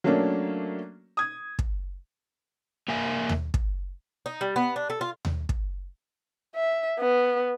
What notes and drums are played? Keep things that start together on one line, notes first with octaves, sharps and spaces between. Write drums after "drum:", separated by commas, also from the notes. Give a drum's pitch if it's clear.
F#3 A3 A#3 C#4 D4
D#6 G#6
drum: kick
A#3 A#4 E5 G#5
drum: tom D#2
drum: kick
D#4
G3
B3
D4
A4
F4
drum: tom D#2
drum: kick
E5
B3